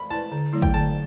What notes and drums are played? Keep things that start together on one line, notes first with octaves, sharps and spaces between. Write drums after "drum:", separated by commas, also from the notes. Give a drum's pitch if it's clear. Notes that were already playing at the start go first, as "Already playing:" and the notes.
Already playing: B5
E4 B4 D5 A5
D3
F#3 A3 E4
G5, drum: kick
D3 A5